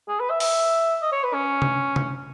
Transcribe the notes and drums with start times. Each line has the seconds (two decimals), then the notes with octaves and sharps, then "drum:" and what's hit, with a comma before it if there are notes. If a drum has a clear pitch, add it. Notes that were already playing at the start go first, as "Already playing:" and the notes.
0.09 G#4
0.20 B4
0.30 E5
0.40 E5, drum: open hi-hat
1.02 D#5
1.12 C#5
1.24 B4
1.34 C#4
1.62 drum: tom C3
1.96 drum: tom C3